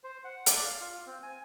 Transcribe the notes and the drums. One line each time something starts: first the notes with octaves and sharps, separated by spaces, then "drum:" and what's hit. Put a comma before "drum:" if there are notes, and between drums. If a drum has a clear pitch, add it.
C5
F#5
D5, drum: hi-hat
F5
F4
C4
G#5